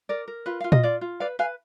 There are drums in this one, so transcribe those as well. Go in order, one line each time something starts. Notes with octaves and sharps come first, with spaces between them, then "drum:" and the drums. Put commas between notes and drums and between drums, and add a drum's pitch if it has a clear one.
A#4 D5
A#4
F4 B4
F4 F5
D#5, drum: tom A#2
F4 D5
F4
B4 D5 F5
B4 F5 G#5